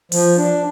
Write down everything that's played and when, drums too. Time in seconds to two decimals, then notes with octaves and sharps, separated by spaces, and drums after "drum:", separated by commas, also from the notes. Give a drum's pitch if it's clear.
0.12 F3, drum: open hi-hat
0.37 D4